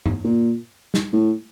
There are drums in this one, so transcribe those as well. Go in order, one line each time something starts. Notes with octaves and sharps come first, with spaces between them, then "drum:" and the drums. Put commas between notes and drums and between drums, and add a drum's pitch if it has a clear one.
drum: tom G2
A#2
drum: snare
A2